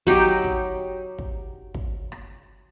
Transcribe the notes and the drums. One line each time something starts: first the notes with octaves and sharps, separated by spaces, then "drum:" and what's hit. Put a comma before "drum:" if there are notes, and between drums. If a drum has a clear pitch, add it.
F#3 D#4 G4, drum: kick
drum: kick
drum: kick
drum: kick
drum: rim click